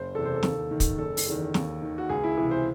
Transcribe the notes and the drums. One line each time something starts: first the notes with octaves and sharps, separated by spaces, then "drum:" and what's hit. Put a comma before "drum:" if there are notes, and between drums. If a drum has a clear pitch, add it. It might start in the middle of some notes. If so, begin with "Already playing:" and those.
Already playing: F#1 C5
E2 C3 A4
C5
A4
D#2, drum: snare
D#3
drum: kick, hi-hat
F#1 A4
drum: open hi-hat
E2 D#3
D#2, drum: snare
D#3
F#4
C#2 G#4
E4
C3 E3 G#4
C5